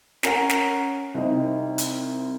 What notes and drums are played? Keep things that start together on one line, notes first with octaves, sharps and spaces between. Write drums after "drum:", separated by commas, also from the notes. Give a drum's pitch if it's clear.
C#4 A#4 F#5 A#5, drum: snare
drum: snare
C2 C4 D#4
drum: hi-hat